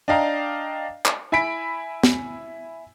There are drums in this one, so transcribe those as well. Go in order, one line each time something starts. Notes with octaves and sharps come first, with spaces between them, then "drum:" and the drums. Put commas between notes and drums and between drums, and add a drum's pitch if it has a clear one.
D4 D5 D#5 F5 G5 A#5
drum: clap
E4 G#5 B5 B6 D7
drum: snare